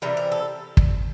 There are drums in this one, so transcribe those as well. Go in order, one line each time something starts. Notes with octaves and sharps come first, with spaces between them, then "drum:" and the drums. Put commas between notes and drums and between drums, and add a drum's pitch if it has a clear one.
C3 E3 G3 A#4
A#4
A4
drum: kick